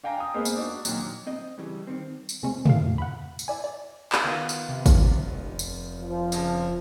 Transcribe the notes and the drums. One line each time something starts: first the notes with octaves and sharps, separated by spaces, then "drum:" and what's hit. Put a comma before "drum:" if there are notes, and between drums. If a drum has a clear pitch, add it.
D4 F5 G5 G#5 A#5
G5 D#6
G#3 A#3 B3 G#4 C5 D#5
drum: tambourine
D4 D#4 F#4
A#2 D#3 F#3, drum: tambourine
C4 D#5
G2 C#3 E3 G3
G2 D#3 C4
drum: tambourine
C3 G#3 A3 C4 C#4
A3 F5, drum: tom
F#5 B5
drum: tambourine
E4 D5 G#5
D5
drum: clap
D#3 B3 F4
drum: tambourine
C3
drum: kick, tambourine
F1
drum: tambourine
F3
F2 C#3, drum: tambourine